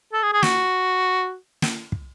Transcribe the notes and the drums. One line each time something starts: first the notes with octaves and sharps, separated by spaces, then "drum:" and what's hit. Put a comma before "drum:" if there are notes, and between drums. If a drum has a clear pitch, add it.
A4
G#4
G#4
F#4, drum: snare
drum: snare
drum: kick